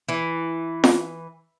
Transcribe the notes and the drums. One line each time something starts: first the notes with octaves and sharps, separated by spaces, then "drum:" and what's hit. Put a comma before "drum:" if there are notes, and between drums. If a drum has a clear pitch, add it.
E3
drum: snare F4